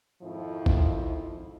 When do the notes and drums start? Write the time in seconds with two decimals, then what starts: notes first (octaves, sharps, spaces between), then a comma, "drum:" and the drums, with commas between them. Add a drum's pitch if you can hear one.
0.22 F2 G#2 D#3 F3 E4
0.66 drum: kick G1